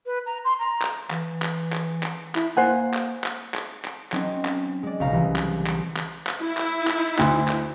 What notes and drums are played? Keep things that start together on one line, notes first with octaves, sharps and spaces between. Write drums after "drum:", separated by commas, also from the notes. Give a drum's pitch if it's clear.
B4
A#5
C6
A#5
drum: clap
E3, drum: clap
drum: clap
drum: clap
drum: clap
E4, drum: clap
A#3 C5 F#5 G#5
drum: clap
drum: clap
drum: clap
drum: clap
F#3 C4 C#4 D#4, drum: clap
drum: clap
G#3 D5
B1 C#3 F5 A#5
C2 E3
drum: clap
drum: clap
drum: clap
drum: clap
E4
drum: clap
drum: clap
D2, drum: clap
drum: clap